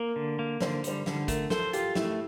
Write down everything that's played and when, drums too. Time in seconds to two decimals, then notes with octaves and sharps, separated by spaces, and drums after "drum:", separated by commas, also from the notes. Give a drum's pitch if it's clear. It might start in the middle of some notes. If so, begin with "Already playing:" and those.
Already playing: A#3 A#4
0.16 D3
0.39 A#3
0.61 D3 C5, drum: snare
0.84 G3 C5, drum: hi-hat
1.06 D3, drum: snare
1.28 A3 A#4, drum: kick, hi-hat
1.50 A4 C5, drum: snare
1.73 F4 G4, drum: hi-hat
1.95 A3 E4, drum: snare